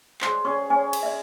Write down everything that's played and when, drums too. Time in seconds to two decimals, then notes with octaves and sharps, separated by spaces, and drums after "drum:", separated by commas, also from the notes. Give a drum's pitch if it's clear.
0.21 G#3 C5, drum: clap
0.45 C#4 G#4 C#6
0.70 C#4 G#5
0.93 drum: cymbal
1.03 D5 E5